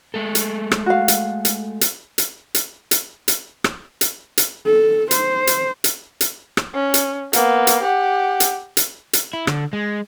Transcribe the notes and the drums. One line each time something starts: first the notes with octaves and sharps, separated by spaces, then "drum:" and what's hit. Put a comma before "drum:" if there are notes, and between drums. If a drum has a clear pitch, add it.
G#3 A3 A4
drum: hi-hat
drum: rim click
F#4 F5
drum: hi-hat
drum: hi-hat
drum: hi-hat
drum: hi-hat
drum: hi-hat
drum: hi-hat
drum: hi-hat
drum: rim click
drum: hi-hat
drum: hi-hat
A4
C5, drum: hi-hat
drum: hi-hat
drum: hi-hat
drum: hi-hat
drum: rim click
C#4
drum: hi-hat
A#3 B3, drum: hi-hat
drum: hi-hat
G4 F#5
drum: hi-hat
drum: hi-hat
drum: hi-hat
E4
D3, drum: rim click
G#3